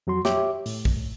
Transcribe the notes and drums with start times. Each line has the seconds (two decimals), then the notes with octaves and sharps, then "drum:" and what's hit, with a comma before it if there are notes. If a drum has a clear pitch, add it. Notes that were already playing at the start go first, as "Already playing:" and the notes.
0.07 F2 F#3 F#4 C6
0.25 G4 C#5 E5 D6, drum: snare
0.66 A2, drum: open hi-hat
0.85 drum: kick A#1